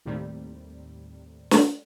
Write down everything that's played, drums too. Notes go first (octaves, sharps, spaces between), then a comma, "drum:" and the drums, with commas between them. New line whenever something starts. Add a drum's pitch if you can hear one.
D#2 A2 C3 G3
drum: snare